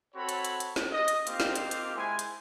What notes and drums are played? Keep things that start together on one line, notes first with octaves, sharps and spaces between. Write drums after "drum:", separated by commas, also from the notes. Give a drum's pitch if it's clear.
C4 F#4 A4 C#5 B5
drum: hi-hat
drum: hi-hat
drum: hi-hat
drum: snare
D#5
drum: hi-hat
A#3 C4 D#4 F4 G4, drum: hi-hat
drum: snare
drum: hi-hat
drum: hi-hat
G#3 E4 C5 G#5
drum: hi-hat